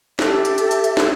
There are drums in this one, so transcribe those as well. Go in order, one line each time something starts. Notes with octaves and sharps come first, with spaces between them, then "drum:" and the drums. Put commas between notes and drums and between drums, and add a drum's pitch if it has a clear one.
G4 A4 E5, drum: snare
drum: hi-hat
drum: hi-hat
drum: hi-hat
drum: hi-hat
drum: snare